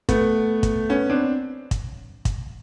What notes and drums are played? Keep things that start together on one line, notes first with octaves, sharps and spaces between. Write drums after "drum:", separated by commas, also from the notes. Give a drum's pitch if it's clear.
A3 B3, drum: kick, hi-hat
drum: kick, hi-hat
B3 C#4
C4 D4
drum: kick, hi-hat
drum: kick, hi-hat